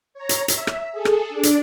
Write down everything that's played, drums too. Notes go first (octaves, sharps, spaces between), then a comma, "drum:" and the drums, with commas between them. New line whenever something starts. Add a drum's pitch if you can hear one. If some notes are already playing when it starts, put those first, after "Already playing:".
C#5 A#5
drum: hi-hat
E5, drum: hi-hat
drum: rim click
G#4 A4
drum: rim click
D4 D5
drum: hi-hat